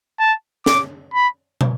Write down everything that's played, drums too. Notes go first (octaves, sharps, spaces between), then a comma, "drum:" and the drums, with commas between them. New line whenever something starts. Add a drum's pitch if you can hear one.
A5
D6, drum: snare
B5
drum: tom